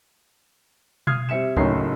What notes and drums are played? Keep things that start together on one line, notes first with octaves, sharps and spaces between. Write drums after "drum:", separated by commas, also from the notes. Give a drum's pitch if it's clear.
D#6 F6 G#6 C7, drum: tom B2
G3 C4 E5 C#7 E7
F#1 F#2 A2 D#4 C#5 C7, drum: kick C#2